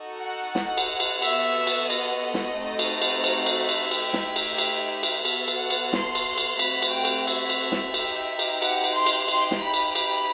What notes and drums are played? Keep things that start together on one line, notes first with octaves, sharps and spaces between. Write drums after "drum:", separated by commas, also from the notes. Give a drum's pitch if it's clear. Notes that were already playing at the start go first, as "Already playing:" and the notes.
Already playing: D#4 F#4 A4
F#5
drum: snare
drum: cymbal
drum: cymbal
B3 F#4 A4 E5, drum: cymbal
drum: cymbal
D#5, drum: cymbal
drum: snare
A3 C4 D#4 F#4 A4
drum: cymbal
drum: cymbal
C5, drum: cymbal
drum: cymbal
E5
drum: cymbal
A3 D#4 G4, drum: cymbal
drum: snare
drum: cymbal
drum: cymbal
drum: cymbal
B3 F#4 A4 E5, drum: cymbal
drum: cymbal
F#5
drum: cymbal
C6, drum: snare
drum: cymbal
drum: cymbal
A3 C4 F#4 A4 B5, drum: cymbal
drum: cymbal
G5
drum: cymbal
E5, drum: cymbal
drum: cymbal
drum: snare
D#4 G4, drum: cymbal
drum: cymbal
F#5, drum: cymbal
drum: cymbal
C6
drum: cymbal
D#4 G4 C6, drum: cymbal
drum: snare
B5
drum: cymbal
B5, drum: cymbal